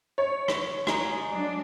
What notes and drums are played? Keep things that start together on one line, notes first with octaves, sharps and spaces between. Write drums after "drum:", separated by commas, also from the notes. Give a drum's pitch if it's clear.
C#5
drum: rim click
G#3 A#5, drum: rim click
F#3 D4